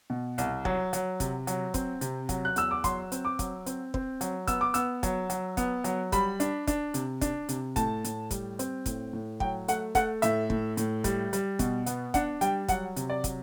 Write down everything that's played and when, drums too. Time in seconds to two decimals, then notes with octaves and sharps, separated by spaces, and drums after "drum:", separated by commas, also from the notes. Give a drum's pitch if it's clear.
0.10 B2
0.38 C2, drum: hi-hat
0.65 F#3, drum: kick
0.93 F#3, drum: hi-hat
1.20 C3, drum: kick, hi-hat
1.47 F#3, drum: hi-hat
1.74 C4, drum: kick, hi-hat
2.01 C3, drum: hi-hat
2.29 F#3, drum: kick, hi-hat
2.45 F#6
2.56 E2 E6, drum: hi-hat
2.71 D6
2.84 F#3 C6, drum: kick, hi-hat
3.12 C4, drum: hi-hat
3.25 D6
3.39 F#3, drum: kick, hi-hat
3.66 C4, drum: hi-hat
3.94 C4, drum: kick
4.21 F#3, drum: hi-hat
4.47 B3 E6, drum: kick, hi-hat
4.61 D6
4.74 B3 E6, drum: hi-hat
5.03 F#3, drum: kick, hi-hat
5.30 F#3, drum: hi-hat
5.57 B3, drum: kick, hi-hat
5.84 F#3, drum: hi-hat
6.12 G3 B5, drum: kick, hi-hat
6.40 D4, drum: hi-hat
6.67 D4, drum: kick, hi-hat
6.94 C3, drum: hi-hat
7.21 D4, drum: kick, hi-hat
7.49 C3, drum: hi-hat
7.76 A2 A5, drum: kick, hi-hat
8.04 A2, drum: hi-hat
8.31 G3, drum: kick, hi-hat
8.59 C4, drum: hi-hat
8.86 A2, drum: kick, hi-hat
9.13 A2
9.40 F#3 G5, drum: kick
9.68 A3 F#5, drum: hi-hat
9.95 A3 F#5, drum: kick, hi-hat
10.22 A2 E5, drum: hi-hat
10.50 A2, drum: kick
10.77 A2, drum: hi-hat
11.04 G3, drum: kick, hi-hat
11.33 G3, drum: hi-hat
11.59 B2, drum: kick, hi-hat
11.86 B3, drum: hi-hat
12.14 D4 F#5, drum: kick, hi-hat
12.41 G3 G5, drum: hi-hat
12.68 F#3 F#5, drum: kick, hi-hat
12.96 C3, drum: hi-hat
13.10 D5
13.24 F#3, drum: kick, hi-hat